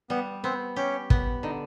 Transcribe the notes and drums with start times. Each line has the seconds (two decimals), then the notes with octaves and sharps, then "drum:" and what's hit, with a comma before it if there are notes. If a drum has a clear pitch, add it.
0.10 G3 B3
0.44 B3 C4
0.76 C#4 G4
1.10 B3, drum: kick
1.43 D3 D#4